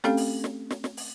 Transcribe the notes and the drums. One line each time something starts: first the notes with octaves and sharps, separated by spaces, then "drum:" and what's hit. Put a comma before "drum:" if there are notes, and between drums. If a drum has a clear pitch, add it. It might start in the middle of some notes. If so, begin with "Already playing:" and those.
A3 C4 C#4 G4 A4 F5, drum: snare
drum: open hi-hat
drum: snare
drum: snare
drum: snare
drum: open hi-hat